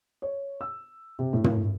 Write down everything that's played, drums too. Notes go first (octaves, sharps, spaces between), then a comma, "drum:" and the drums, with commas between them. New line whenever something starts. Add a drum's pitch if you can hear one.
C#5
E6
C3
A2
drum: tom